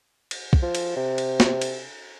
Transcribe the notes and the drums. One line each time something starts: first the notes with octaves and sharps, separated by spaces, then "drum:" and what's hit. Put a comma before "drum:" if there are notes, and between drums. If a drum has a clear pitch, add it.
drum: cymbal
drum: kick
F3
drum: cymbal
C3
drum: cymbal
drum: snare
drum: cymbal